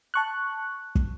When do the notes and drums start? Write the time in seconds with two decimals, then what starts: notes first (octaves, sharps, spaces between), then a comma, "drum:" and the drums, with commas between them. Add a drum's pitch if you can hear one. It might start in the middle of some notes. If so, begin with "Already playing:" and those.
0.14 A5 C#6 F#6
0.95 drum: kick